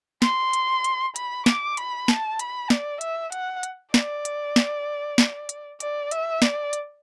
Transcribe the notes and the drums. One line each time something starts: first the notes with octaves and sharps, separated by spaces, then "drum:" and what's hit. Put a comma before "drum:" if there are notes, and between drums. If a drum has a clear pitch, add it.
C6, drum: snare
drum: hi-hat
drum: hi-hat
B5, drum: hi-hat
D6, drum: snare
B5, drum: hi-hat
A5, drum: snare
B5, drum: hi-hat
D5, drum: snare
E5, drum: hi-hat
F#5, drum: hi-hat
drum: hi-hat
D5, drum: snare
drum: hi-hat
drum: snare
drum: snare
drum: hi-hat
D5, drum: hi-hat
E5, drum: hi-hat
D5, drum: snare
drum: hi-hat